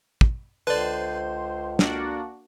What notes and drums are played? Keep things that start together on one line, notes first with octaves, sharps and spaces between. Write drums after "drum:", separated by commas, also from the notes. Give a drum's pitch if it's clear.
drum: kick
C#2 D3 B4 C5 D5
A#3 D4 F#4, drum: snare